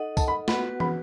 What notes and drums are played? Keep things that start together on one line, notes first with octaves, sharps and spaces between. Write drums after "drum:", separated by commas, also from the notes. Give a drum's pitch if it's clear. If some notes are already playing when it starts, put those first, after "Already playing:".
Already playing: D#4 A4 D#5 F#5
A5, drum: kick C2, tambourine
B5
B3 F#4 B4 F#5 B5, drum: snare
B5, drum: tom